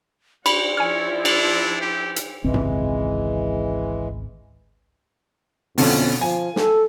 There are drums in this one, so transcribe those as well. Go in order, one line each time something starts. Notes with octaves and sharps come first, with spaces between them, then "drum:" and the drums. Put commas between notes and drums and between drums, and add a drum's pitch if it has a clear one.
F#4 C5 D5 B5, drum: cymbal
F3 E4 C#5 G#5 F6
D4, drum: cymbal
G4
drum: hi-hat
G#1 C#2 E3 G#3 C4
drum: tom F#2
F2 B2 D3 C#4, drum: open hi-hat
F3 G#5
A4, drum: snare